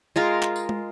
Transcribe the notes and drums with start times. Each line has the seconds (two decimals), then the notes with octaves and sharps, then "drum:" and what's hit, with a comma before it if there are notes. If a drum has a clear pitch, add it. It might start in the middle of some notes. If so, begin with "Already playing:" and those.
0.16 G#3 F4 A#4 F5
0.42 drum: clap
0.56 drum: tambourine
0.69 drum: tom